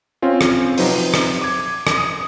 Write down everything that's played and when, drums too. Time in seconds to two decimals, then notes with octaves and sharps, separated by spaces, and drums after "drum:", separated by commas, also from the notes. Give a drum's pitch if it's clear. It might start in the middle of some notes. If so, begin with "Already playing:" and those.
0.22 C4 C#4 F4
0.41 drum: rim click
0.78 C3 F3 F#3 D#4 B4 C5, drum: open hi-hat
1.14 drum: rim click
1.42 D6 G#6
1.87 drum: rim click
1.97 D#6 C#7